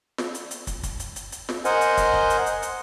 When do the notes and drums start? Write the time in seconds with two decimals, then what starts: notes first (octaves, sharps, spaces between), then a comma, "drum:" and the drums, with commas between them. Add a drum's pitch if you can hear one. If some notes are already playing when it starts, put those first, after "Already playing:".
0.18 drum: snare
0.35 drum: hi-hat
0.51 drum: hi-hat
0.67 drum: kick, hi-hat
0.83 drum: kick, hi-hat
1.00 drum: hi-hat
1.16 drum: hi-hat
1.32 drum: hi-hat
1.49 drum: snare
1.65 A#4 C5 D#5 F#5 G#5, drum: hi-hat
1.81 drum: hi-hat
1.97 drum: kick, hi-hat
2.14 drum: kick
2.30 drum: hi-hat
2.46 drum: hi-hat
2.63 drum: hi-hat